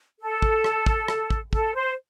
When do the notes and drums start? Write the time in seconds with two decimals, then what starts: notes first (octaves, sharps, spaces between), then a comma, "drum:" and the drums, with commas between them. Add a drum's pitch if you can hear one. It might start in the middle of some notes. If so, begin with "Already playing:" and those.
0.20 A4
0.42 drum: kick
0.64 drum: rim click
0.86 drum: kick
1.08 drum: rim click
1.30 drum: kick
1.53 A4, drum: kick
1.74 C5